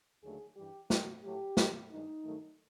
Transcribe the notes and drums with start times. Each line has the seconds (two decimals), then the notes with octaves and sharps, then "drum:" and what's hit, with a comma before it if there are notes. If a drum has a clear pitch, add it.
0.23 D#2 D3 F#3 A3 G#4
0.56 G2 E3 G3 G4
0.90 A#2 G3 F#4, drum: snare
1.23 A2 F#3 A3 G4
1.57 B2 G3, drum: snare
1.90 G2 D#3 G#3 D#4
2.24 G2 D#3 F#3 A3